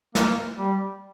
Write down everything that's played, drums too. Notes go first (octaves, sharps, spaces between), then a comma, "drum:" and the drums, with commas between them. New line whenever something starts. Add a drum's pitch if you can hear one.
A#3, drum: snare
G3